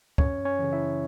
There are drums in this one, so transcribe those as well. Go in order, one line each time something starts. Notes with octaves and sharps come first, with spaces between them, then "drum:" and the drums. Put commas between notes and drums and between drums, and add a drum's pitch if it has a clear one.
F#2 C#4 C#5, drum: kick
C#4 C#5
C#3 E3
E4 E5